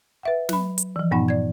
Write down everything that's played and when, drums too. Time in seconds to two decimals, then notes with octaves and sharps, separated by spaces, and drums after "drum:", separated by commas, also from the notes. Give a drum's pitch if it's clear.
0.23 B4 E5 F#5
0.49 F#3 B5, drum: snare
0.78 drum: hi-hat
0.96 E3 F3
1.11 G2 A#2 B3 D#4 F#5 B5
1.28 D5 G#6